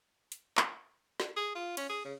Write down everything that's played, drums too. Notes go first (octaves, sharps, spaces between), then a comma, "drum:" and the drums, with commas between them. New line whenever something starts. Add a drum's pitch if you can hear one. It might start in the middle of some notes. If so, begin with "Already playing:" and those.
drum: hi-hat
drum: clap
drum: snare
G#4
F4
C#4, drum: cymbal
G#4
C#3